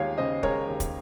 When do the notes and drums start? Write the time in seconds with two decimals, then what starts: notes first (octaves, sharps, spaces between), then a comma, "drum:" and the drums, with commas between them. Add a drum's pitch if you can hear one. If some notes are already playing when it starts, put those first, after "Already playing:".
Already playing: D#2 G#3 F4 G#4 C#5 F5
0.18 C#3 C5 D#5
0.43 G#3 A#4 C#5, drum: kick
0.67 D#2
0.80 drum: kick, hi-hat